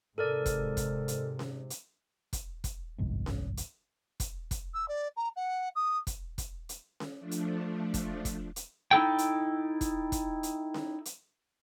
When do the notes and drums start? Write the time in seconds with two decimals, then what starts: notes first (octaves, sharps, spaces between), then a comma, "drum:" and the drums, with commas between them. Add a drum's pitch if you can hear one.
0.18 G#2 C3 A4 A#4 D5
0.46 drum: kick, hi-hat
0.77 drum: kick, hi-hat
1.08 drum: hi-hat
1.39 drum: snare C#4
1.70 drum: hi-hat
2.33 drum: kick, hi-hat
2.64 drum: kick, hi-hat
2.98 G1 C2 F2 G#2
3.26 drum: snare C#4
3.57 drum: hi-hat
4.20 drum: kick, hi-hat
4.51 drum: kick, hi-hat
4.74 E6
4.88 D5
5.17 A#5
5.36 F#5
5.76 D#6
6.07 drum: kick, hi-hat
6.38 drum: kick, hi-hat
6.69 drum: hi-hat
7.00 drum: snare C#4
7.18 F3 A3 D4
7.31 drum: hi-hat
7.94 drum: kick, hi-hat
8.25 drum: kick, hi-hat
8.56 drum: hi-hat
8.91 D#4 E4 A4 G5
9.18 drum: hi-hat
9.81 drum: kick, hi-hat
10.12 drum: kick, hi-hat
10.43 drum: hi-hat
10.74 drum: snare C#4
11.05 drum: hi-hat